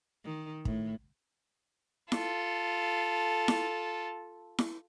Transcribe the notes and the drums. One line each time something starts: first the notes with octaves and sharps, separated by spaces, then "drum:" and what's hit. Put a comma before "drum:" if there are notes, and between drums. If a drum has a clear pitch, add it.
D#3
A2, drum: kick
F4 A4, drum: snare E4
drum: snare E4
drum: snare E4